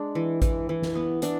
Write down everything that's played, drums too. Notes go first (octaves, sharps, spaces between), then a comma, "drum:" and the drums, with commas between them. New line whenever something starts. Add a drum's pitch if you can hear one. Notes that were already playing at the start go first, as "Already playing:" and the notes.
Already playing: G#3 D4
E3
E3, drum: kick A1, hi-hat
E3
drum: snare
B3
E3 D4, drum: hi-hat